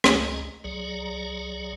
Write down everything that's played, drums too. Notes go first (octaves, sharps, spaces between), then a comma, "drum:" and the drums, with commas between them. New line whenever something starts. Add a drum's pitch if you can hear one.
C#2 C#4 G#4 D#5 A#5, drum: rim click
C2 F#3 G#4 D5 A#5